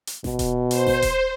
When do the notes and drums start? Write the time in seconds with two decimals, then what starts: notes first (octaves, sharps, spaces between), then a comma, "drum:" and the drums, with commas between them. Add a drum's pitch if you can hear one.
0.07 drum: hi-hat
0.24 B2, drum: snare G#1
0.39 drum: kick D#1, hi-hat
0.71 C5, drum: hi-hat
0.87 drum: snare G#1
1.02 drum: kick D#1, hi-hat